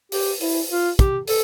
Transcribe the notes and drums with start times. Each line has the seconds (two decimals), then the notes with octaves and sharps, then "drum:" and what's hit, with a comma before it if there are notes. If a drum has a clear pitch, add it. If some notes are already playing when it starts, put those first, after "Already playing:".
0.12 G4, drum: open hi-hat
0.41 E4, drum: open hi-hat
0.70 F4
0.99 G4, drum: kick, hi-hat
1.28 A4, drum: open hi-hat